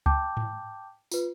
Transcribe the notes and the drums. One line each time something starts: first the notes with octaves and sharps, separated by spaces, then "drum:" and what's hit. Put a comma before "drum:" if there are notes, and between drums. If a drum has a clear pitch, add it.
G5 A5 D6 G6, drum: kick C#2
drum: tom G#2
F4 B4, drum: tambourine